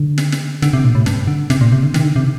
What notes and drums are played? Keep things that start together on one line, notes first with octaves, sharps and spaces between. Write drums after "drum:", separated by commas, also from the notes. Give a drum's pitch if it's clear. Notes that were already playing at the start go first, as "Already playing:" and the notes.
Already playing: D3
drum: snare
drum: snare
D3, drum: snare
C3
A#2
A2
G2, drum: snare
D3
C3, drum: snare
A#2
C3
D3
D#3, drum: snare
D3
C3